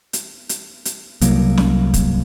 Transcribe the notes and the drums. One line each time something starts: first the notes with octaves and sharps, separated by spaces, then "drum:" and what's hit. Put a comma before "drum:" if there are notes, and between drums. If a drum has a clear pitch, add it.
drum: hi-hat
drum: hi-hat
drum: hi-hat
C2 F#3 A#3, drum: hi-hat
drum: snare
drum: kick, hi-hat